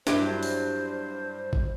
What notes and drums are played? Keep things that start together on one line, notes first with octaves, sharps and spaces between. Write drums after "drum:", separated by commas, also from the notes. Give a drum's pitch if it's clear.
G2 F#3 E4 G4 C5, drum: snare
drum: open hi-hat
drum: kick